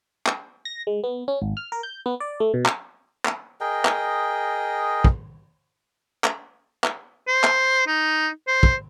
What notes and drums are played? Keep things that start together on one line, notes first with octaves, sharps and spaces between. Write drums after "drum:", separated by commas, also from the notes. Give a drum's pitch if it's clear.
drum: clap
A#6
G#3
B3
C#4
G#1
F6
A#4
G6
B3
D5
A3
B2
drum: clap
drum: clap
G#4 A#4 D#5 G5
drum: clap
drum: kick
drum: clap
drum: clap
C5
drum: clap
D#4
C5
drum: kick